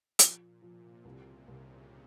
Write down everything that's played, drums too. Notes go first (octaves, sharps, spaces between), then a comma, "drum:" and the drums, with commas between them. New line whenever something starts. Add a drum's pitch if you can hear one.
A#2 F3, drum: hi-hat
C3 F3
C2 C#3
C2 C3 D#3